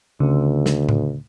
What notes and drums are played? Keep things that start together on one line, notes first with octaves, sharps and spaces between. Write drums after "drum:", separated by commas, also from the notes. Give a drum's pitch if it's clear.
D2 C#3
drum: snare
drum: tom A2